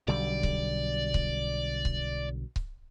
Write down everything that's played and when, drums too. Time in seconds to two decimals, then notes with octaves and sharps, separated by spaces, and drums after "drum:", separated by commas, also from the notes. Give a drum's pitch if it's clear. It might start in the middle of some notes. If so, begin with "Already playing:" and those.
0.08 B1 D3 G3 D5
0.43 drum: kick C#1
1.14 drum: kick C#1
1.85 drum: kick C#1
2.56 drum: kick C#1